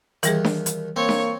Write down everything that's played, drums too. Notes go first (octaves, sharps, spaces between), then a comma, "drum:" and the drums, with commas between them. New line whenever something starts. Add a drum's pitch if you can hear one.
D#2 E3 G3 G#4, drum: hi-hat
drum: snare D4
drum: hi-hat
A#3 C4 C#5
drum: snare D4